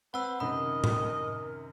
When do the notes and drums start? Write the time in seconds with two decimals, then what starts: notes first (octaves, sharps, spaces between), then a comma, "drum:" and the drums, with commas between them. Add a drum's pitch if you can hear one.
0.14 C4 B4 F#5 E6
0.40 F#2 C3 D#3 A#4 D#5 B5
0.84 drum: tom A2